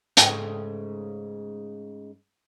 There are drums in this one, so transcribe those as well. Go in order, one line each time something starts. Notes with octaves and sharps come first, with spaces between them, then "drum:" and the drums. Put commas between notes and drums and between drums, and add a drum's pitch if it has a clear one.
G#2 C#3 A3, drum: hi-hat